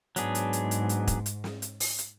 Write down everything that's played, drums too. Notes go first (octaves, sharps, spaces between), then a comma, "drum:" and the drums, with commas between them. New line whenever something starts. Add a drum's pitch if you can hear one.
G#2 F#3 B3 D4 G#4, drum: hi-hat
drum: hi-hat
drum: hi-hat
drum: hi-hat
drum: hi-hat
drum: kick E1, hi-hat
drum: hi-hat
drum: snare
drum: hi-hat
drum: open hi-hat
drum: hi-hat